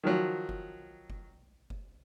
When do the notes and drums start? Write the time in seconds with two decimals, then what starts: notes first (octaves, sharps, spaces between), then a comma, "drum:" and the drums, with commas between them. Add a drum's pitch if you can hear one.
0.04 D#3 F3 F#3
0.49 drum: kick F#1
1.10 drum: kick F#1
1.70 drum: kick F#1